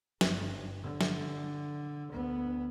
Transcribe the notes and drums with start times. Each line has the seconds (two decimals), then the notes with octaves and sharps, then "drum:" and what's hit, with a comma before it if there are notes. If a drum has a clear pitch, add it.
0.21 G1, drum: snare
0.83 D3
1.01 drum: snare
2.11 D2 B3